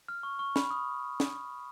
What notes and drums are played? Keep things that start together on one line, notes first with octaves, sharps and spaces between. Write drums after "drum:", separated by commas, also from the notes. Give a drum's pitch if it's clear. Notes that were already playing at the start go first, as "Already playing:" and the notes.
F6
C#6
C#6
B5, drum: snare
D#6
drum: snare